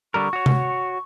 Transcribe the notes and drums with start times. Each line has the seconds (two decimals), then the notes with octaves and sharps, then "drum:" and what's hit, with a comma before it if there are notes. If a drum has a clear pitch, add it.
0.14 D3 G3 A#4 C#6
0.33 F#4 C#5
0.46 drum: tom C3